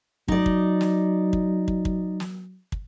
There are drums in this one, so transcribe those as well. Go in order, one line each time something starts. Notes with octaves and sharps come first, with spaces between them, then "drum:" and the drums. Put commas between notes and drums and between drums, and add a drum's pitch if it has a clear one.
F#3 D#4 D5, drum: kick
drum: kick
drum: snare
drum: kick
drum: kick
drum: kick
drum: snare
drum: kick